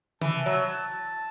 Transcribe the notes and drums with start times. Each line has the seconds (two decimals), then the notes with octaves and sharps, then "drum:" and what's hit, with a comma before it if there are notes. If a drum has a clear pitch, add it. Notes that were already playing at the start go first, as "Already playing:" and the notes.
0.21 E3 A5, drum: tom C3
0.46 F#3